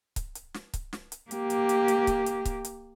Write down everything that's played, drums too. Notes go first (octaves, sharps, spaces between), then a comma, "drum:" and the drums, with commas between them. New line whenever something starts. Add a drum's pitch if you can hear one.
drum: kick C#1, hi-hat
drum: hi-hat
drum: snare
drum: kick C#1, hi-hat
drum: snare
drum: hi-hat
A#3 G4, drum: hi-hat
drum: hi-hat
drum: hi-hat
drum: hi-hat
drum: kick C#1, hi-hat
drum: hi-hat
drum: kick C#1, hi-hat
drum: hi-hat